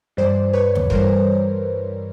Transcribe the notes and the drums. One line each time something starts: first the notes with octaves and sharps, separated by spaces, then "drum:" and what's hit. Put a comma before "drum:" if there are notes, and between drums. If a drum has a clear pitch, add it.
G2 E3 G3 C5 D5
B4 C#5
drum: tom D#2
G2 E3 G3 A#4 C5, drum: kick